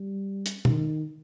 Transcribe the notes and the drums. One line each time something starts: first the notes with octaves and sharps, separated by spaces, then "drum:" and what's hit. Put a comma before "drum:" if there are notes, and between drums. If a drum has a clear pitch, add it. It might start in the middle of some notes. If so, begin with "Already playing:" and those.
Already playing: G3
drum: hi-hat
D#3, drum: tom